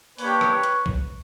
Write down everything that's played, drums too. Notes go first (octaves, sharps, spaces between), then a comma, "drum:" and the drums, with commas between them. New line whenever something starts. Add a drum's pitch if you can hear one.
A#3 D4 G4 B4 C#5, drum: open hi-hat
drum: rim click
drum: hi-hat
drum: kick B1